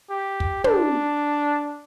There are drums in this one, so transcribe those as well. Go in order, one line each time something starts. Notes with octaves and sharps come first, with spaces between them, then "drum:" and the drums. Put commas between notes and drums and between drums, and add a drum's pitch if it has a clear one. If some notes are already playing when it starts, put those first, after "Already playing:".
G4
drum: kick
D4, drum: tom